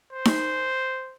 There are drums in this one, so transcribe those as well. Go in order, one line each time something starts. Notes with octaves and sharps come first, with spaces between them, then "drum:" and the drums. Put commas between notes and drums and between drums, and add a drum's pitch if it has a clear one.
C5
drum: snare D#4